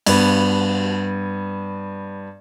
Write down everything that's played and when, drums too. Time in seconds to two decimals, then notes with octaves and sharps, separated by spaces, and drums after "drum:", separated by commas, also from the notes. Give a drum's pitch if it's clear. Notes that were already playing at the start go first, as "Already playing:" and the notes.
0.06 G2 B3, drum: cymbal